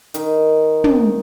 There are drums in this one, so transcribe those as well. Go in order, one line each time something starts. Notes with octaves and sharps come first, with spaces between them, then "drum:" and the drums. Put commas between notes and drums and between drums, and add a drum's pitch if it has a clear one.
D#3, drum: hi-hat
drum: tom